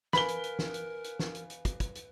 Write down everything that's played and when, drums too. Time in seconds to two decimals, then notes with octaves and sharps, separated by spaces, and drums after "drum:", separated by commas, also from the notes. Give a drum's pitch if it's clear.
0.13 A#4 B4 F5 G#5 B5 B6 G7, drum: snare
0.28 drum: hi-hat
0.44 drum: hi-hat
0.59 drum: snare
0.74 drum: hi-hat
1.04 drum: hi-hat
1.20 drum: snare
1.35 drum: hi-hat
1.50 drum: hi-hat
1.65 drum: kick, hi-hat
1.80 drum: kick, hi-hat
1.95 drum: hi-hat